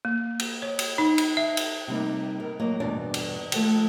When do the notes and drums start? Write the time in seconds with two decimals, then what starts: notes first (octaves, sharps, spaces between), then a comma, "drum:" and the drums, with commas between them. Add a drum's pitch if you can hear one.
0.05 A#3
0.39 drum: cymbal
0.62 C#5
0.79 drum: cymbal
0.98 D#4
1.18 drum: cymbal
1.37 E5
1.57 drum: cymbal
1.88 C3 G3 A#3 D#4
2.40 A#4
2.60 F#3 A#3 F4 D#5
2.80 E2 G2 B2 B3 D4 D5
3.14 drum: cymbal
3.52 D#3 F3 A3, drum: cymbal